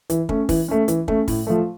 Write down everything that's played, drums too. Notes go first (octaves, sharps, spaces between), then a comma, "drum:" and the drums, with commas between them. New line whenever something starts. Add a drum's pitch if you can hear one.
E3, drum: hi-hat
A3 C#4, drum: kick
E3, drum: kick, open hi-hat
A3 C#4
E3, drum: hi-hat
A3 C#4, drum: kick
A2, drum: kick, open hi-hat
F3 A3